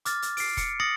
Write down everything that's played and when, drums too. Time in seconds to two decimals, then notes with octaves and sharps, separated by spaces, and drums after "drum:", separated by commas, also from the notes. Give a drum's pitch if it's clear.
0.05 D6 F6 A6, drum: hi-hat
0.22 drum: hi-hat
0.37 C7 D7, drum: open hi-hat
0.57 C#7, drum: kick, hi-hat
0.80 D#6 A6 A#6 C#7 F#7